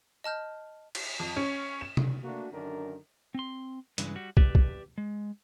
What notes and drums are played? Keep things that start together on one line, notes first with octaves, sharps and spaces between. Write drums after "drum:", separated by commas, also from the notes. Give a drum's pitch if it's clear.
D#5 A5 F6 G6
drum: cymbal
F2
C#4
E7
drum: tom C3
A3 A#3 D4 F#4
F#2 D3 D#3 D4 A#4
C4 C6
G2 C#3 E3 G#3, drum: hi-hat
G3 F#4
G4 B4 D5 E5, drum: kick
drum: kick
G#3